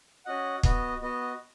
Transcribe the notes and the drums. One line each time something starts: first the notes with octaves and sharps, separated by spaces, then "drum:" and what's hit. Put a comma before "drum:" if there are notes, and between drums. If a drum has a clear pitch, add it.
C#4 F#4 D#5 F#5
B3 F#4 D#5, drum: kick
B3 F#4 D#5